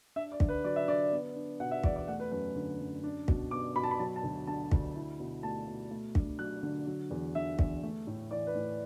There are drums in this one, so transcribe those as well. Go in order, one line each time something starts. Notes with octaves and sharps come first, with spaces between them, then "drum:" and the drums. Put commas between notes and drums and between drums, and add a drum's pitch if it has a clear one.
D4 E5
D5
D3, drum: kick
B4
F#3 D5
E5
D3 D5
B3
D4
B2 F#5
E5
E2 D5, drum: kick
D5
A3 F#5
B4
F#2 B4
D3
F#2
D4
B2, drum: kick
B3 D6
B2 B5
A5
B5
F#3 A5
A5
D2
D3 A5
D2, drum: kick
E4
B2
A3 A5
B2
A3
D4, drum: kick
F#3 F#6
D3
F#3
E2
D3 E5
E2, drum: kick
A3
A2
E3 D5
B4
A2